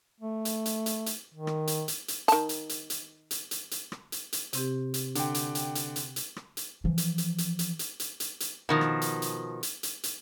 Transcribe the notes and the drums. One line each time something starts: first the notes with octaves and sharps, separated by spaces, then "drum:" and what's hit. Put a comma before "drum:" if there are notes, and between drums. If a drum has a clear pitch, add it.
A3
drum: hi-hat
drum: hi-hat
drum: hi-hat
drum: hi-hat
D#3
drum: rim click
drum: hi-hat
drum: hi-hat
drum: hi-hat
D#3 A5, drum: hi-hat
drum: hi-hat
drum: hi-hat
drum: hi-hat
drum: hi-hat
drum: hi-hat
drum: hi-hat
drum: rim click
drum: hi-hat
drum: hi-hat
C3 C4 G4, drum: hi-hat
drum: hi-hat
D3 G5, drum: hi-hat
drum: hi-hat
drum: hi-hat
drum: hi-hat
drum: hi-hat
drum: hi-hat
drum: rim click
drum: hi-hat
E3 F3
drum: hi-hat
drum: hi-hat
drum: hi-hat
drum: hi-hat
drum: hi-hat
drum: hi-hat
drum: hi-hat
drum: hi-hat
B2 D#3 F3
drum: rim click
drum: hi-hat
drum: hi-hat
drum: hi-hat
drum: hi-hat
drum: hi-hat